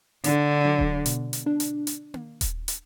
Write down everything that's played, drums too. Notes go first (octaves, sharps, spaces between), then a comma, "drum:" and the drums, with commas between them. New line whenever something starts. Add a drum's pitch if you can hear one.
D3 D4, drum: hi-hat
F#3
drum: kick D#1
B2, drum: hi-hat
drum: hi-hat
D4
drum: hi-hat
drum: hi-hat
drum: tom A#3
drum: kick D#1, hi-hat
drum: hi-hat